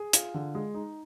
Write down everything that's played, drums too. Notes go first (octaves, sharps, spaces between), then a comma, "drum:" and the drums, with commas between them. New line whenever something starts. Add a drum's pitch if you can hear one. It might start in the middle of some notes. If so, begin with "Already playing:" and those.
Already playing: G#4
F4, drum: hi-hat
D3
G#3
D#4